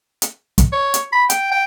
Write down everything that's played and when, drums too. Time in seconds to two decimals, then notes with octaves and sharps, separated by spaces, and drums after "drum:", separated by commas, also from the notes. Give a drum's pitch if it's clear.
0.22 drum: hi-hat
0.58 drum: kick, hi-hat
0.73 C#5
0.94 drum: hi-hat
1.13 B5
1.30 G5, drum: hi-hat
1.52 G5